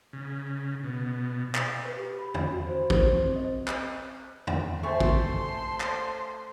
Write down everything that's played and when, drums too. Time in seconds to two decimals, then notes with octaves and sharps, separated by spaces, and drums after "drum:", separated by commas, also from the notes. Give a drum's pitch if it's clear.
0.13 C#3
0.84 B2
1.55 drum: clap
1.85 B4
1.97 G4
2.19 B5
2.34 B5, drum: tom E2
2.52 F#4
2.67 C5
2.90 C5, drum: kick
3.15 C4
3.36 D#5
3.67 drum: clap
4.47 drum: tom E2
4.83 A3 C5 G#5 A5 C6 C#6
5.00 drum: kick
5.80 drum: clap